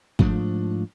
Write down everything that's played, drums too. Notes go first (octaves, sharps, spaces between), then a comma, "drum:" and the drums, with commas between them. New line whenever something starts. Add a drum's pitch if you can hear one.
G#2 F3 A3 D4, drum: kick